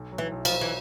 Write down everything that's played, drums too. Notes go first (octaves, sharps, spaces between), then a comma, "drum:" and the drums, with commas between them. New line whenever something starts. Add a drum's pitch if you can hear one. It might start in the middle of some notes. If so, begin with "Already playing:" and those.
Already playing: B1
F#3
E3
B1
F3, drum: cymbal
F#3
E3